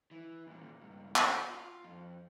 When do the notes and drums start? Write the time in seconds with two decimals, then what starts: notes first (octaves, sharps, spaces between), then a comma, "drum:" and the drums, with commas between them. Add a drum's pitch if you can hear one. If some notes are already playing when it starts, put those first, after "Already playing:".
0.11 E3
0.47 D#2 A#2
0.81 C#2 G2
1.16 F#4, drum: clap
1.49 F4
1.84 F2